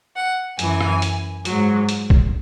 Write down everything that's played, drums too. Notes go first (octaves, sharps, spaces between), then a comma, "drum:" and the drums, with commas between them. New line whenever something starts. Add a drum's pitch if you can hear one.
F#5
F#2 E3 G#5, drum: hi-hat
drum: rim click
drum: hi-hat
G#2 F#3, drum: hi-hat
drum: hi-hat
drum: kick